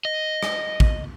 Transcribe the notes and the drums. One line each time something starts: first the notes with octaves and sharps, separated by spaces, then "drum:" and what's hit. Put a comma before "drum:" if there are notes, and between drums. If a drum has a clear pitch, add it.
D#5
drum: rim click
drum: kick